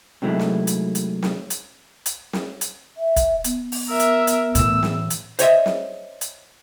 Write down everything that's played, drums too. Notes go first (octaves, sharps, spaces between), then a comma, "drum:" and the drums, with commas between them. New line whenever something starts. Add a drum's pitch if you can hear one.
C3 D#3 F#3 G#3 A3 E4
drum: snare
drum: hi-hat
drum: hi-hat
drum: snare
drum: hi-hat
drum: hi-hat
drum: snare
drum: hi-hat
E5
drum: kick, hi-hat
B3, drum: hi-hat
drum: open hi-hat
A#4 E5
drum: hi-hat
drum: hi-hat
A2 E3 E6, drum: hi-hat
drum: snare
drum: hi-hat
C5 C#5 D#5 E5, drum: hi-hat
drum: snare
drum: hi-hat